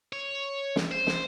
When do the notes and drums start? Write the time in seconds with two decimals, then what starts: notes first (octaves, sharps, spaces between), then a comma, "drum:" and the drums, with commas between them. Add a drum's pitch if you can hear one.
0.13 C#5
0.76 drum: snare
0.91 C5
1.07 drum: snare